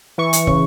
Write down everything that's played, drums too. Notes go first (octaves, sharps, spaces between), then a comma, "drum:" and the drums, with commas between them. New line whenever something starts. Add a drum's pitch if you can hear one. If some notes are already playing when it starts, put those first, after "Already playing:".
E3 C#6
drum: hi-hat
C#3, drum: kick